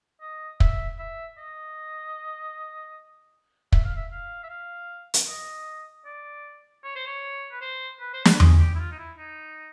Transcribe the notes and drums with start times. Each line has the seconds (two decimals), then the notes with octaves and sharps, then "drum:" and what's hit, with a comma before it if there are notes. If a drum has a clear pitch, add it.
0.21 D#5
0.60 E5, drum: kick
0.99 E5
1.38 D#5
3.72 E5, drum: kick
3.85 F5
3.96 E5
4.11 F5
4.43 E5
4.49 F5
5.14 drum: hi-hat
5.28 D#5
6.05 D5
6.84 C#5
6.96 C5
7.07 C#5
7.52 B4
7.61 C5
8.00 B4
8.14 C5
8.25 B4, drum: snare
8.40 G#4, drum: tom E2
8.59 G4
8.75 E4
8.79 F4
8.91 D#4
8.98 E4
9.18 D#4